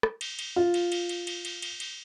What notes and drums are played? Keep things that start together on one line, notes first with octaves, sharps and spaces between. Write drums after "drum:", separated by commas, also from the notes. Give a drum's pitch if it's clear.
drum: rim click
drum: cymbal
drum: cymbal
F4
drum: cymbal
drum: cymbal
drum: cymbal
drum: cymbal
drum: cymbal
drum: cymbal
drum: cymbal